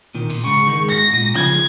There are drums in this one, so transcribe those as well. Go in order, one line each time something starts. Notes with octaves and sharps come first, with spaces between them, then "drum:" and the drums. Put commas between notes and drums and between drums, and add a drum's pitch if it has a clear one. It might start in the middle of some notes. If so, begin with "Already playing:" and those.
A#2 D#3
A#2, drum: open hi-hat
G#2 C#3 C#6
D#3 G#3
G#2 A#6
A#2
C#3 F3 G#6, drum: hi-hat